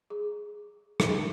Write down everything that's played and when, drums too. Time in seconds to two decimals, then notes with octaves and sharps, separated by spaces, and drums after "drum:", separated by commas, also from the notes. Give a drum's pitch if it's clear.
0.10 G#4
1.00 drum: rim click